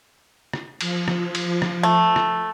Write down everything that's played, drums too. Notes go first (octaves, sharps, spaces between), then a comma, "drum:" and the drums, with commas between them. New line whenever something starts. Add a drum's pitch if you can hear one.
drum: rim click
F3, drum: cymbal
drum: rim click
drum: cymbal
drum: rim click
A3
drum: rim click